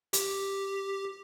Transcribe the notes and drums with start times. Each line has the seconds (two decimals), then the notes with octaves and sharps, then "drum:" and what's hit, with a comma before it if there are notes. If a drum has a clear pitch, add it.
0.13 G4, drum: hi-hat